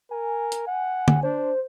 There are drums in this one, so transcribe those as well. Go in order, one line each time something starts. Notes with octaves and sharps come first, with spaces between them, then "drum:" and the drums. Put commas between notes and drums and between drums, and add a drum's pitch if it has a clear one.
A#4 G#5
drum: hi-hat
F#5
drum: tom D3
D4 C5